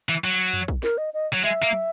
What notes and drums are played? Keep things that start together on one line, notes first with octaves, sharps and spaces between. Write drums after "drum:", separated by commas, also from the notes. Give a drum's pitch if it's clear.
E3
F#3
drum: tom F2
drum: kick
A#4, drum: snare
D#5
D#5
F#3
G#3 E5
A#3
drum: tom